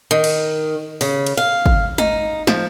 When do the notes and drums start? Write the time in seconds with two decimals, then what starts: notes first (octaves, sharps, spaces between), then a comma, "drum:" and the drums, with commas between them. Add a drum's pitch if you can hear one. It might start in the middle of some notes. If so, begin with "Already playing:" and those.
0.11 D#3
0.24 drum: cymbal
1.01 C#3, drum: open hi-hat
1.27 drum: cymbal
1.37 F5
1.66 drum: kick
1.98 D#4, drum: tom G#3
2.47 F3, drum: snare